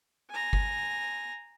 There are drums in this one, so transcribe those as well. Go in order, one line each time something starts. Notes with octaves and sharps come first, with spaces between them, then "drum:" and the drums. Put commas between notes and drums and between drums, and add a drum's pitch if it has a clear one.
G#5 A#5
drum: kick